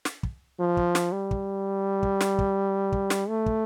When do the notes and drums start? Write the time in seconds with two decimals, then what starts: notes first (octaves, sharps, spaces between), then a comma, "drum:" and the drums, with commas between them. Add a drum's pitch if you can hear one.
0.05 drum: snare
0.23 drum: kick
0.60 F3
0.77 drum: kick
0.95 drum: snare
1.12 G3
1.31 drum: kick
2.03 drum: kick
2.21 drum: snare
2.39 drum: kick
2.92 drum: kick
3.10 drum: snare
3.29 A3
3.46 drum: kick